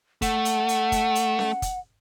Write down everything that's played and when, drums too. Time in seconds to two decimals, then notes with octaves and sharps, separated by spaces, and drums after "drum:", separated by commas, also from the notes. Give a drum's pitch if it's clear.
0.22 A3 F#5, drum: kick, hi-hat
0.45 drum: hi-hat
0.69 drum: hi-hat
0.92 drum: kick, hi-hat
1.15 drum: hi-hat
1.39 drum: snare C#4
1.62 drum: kick, hi-hat